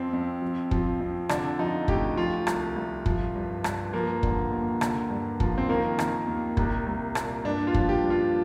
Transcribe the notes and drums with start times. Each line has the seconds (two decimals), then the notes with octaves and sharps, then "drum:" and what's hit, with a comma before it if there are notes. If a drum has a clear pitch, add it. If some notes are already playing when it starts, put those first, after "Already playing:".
Already playing: F2 F3 C4
0.13 F2
0.42 F3
0.71 F3, drum: kick
1.00 F2
1.29 D3 D4, drum: rim click
1.59 F3 D#4
1.88 D2 G4, drum: kick
2.17 F3 F4
2.47 C2, drum: rim click
2.76 C2
3.06 F3, drum: kick
3.35 G2
3.64 G2, drum: rim click
3.93 F3 A#3
4.23 D3, drum: kick
4.52 D#2
4.81 D3, drum: rim click
5.10 G2
5.40 F3, drum: kick
5.58 C4
5.69 D#3 A#3
5.99 D#3, drum: rim click
6.27 D#2
6.57 C2, drum: kick
6.87 C2
7.15 A#2, drum: rim click
7.45 G2 D4
7.67 F4
7.74 F3, drum: kick
7.89 G4
8.03 G2
8.10 F4